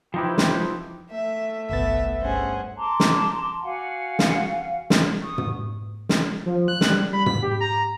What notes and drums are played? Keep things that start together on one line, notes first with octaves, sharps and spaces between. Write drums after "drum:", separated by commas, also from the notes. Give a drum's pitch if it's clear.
F3 C4 D#4 E4 G4 B4
drum: snare
A3 E5
G1 C2 B3 E5 A6
G2 C#4 G#4 C5 F#5
A5 A#5 C6 D6
drum: snare
F#4 F5 F#5 G#5
drum: snare
drum: snare
C#6 D#6
drum: tom
drum: snare
F3
F#6
drum: snare
G3
B5
B6, drum: tom
G4
A#5